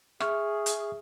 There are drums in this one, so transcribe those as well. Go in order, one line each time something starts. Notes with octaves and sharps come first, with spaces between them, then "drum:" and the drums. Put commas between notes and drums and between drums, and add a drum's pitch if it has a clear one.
G#4 E5 C#6 F6, drum: rim click
drum: hi-hat